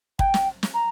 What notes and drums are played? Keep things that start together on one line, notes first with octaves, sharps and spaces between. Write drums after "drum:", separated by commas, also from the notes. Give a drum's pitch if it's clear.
G5, drum: kick
drum: snare
drum: snare
A#5